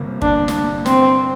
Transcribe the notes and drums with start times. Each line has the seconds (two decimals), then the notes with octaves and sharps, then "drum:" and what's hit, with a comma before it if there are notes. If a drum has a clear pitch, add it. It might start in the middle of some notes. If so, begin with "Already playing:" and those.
Already playing: G1 C3 A#3
0.22 D4, drum: kick
0.48 drum: snare
0.86 C4, drum: snare